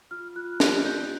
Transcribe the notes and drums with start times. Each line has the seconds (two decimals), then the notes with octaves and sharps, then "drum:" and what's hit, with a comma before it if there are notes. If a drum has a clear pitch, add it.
0.11 F4 F6
0.36 F4 F#6
0.60 G4 F#6, drum: snare
0.85 D5 G6